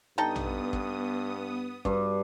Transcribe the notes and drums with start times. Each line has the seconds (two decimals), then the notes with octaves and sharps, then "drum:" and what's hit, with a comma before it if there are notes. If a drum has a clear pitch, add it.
0.18 G2 B3 D#4 A4 G5 D#6
0.36 drum: tom A#1
0.73 drum: kick
1.85 G2, drum: kick